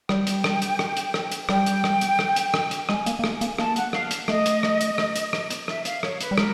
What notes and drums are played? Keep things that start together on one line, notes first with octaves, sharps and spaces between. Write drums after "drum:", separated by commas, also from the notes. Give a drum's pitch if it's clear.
G3 G5, drum: rim click
drum: hi-hat
drum: rim click
drum: hi-hat
drum: rim click
drum: hi-hat
drum: rim click
drum: hi-hat
G3 G5, drum: rim click
drum: hi-hat
drum: rim click
drum: hi-hat
drum: rim click
drum: hi-hat
drum: rim click
drum: hi-hat
G#3 G#5, drum: rim click
A#3, drum: hi-hat
A#3
A3, drum: rim click
A#3, drum: hi-hat
A#3 A5, drum: rim click
F#5, drum: hi-hat
F5, drum: rim click
drum: hi-hat
A3 D#5, drum: rim click
drum: hi-hat
drum: rim click
drum: hi-hat
drum: rim click
drum: hi-hat
drum: rim click
drum: hi-hat
E5, drum: rim click
F5, drum: hi-hat
C#5, drum: rim click
B4, drum: hi-hat
G3
G#3 A#4, drum: rim click